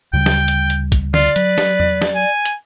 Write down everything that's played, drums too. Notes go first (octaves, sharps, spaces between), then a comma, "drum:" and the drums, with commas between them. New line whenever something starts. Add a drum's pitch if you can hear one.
D2 C#3 G3 G5
drum: snare
drum: hi-hat
drum: hi-hat
drum: kick, hi-hat
F4 D5, drum: tom D3
F#3 B4, drum: hi-hat
drum: snare
drum: tom E2
drum: snare
G#5
drum: hi-hat